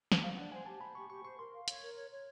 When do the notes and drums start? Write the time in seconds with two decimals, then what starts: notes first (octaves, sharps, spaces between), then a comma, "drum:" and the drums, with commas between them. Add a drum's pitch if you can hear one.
0.12 drum: snare
0.23 C5 F5
0.37 D4 F#5
0.52 C5 G#5
0.66 G4 A5
0.81 C5 B5
0.95 G4 C#6
1.10 G4 C#6
1.24 C5 C#6
1.38 A#4 C6
1.54 F5
1.68 C#5, drum: hi-hat
1.82 A#4
1.96 C#5
2.11 C#5